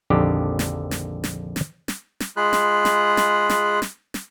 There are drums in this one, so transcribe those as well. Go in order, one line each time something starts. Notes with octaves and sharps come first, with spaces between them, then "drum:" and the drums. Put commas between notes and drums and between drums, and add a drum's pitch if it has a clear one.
A#1 F2 D3 D#3 G4
drum: snare
drum: snare
drum: snare
drum: snare
drum: snare
drum: snare
G#3 F4 G#4 B5 F#6
drum: snare
drum: snare
drum: snare
drum: snare
drum: snare
drum: snare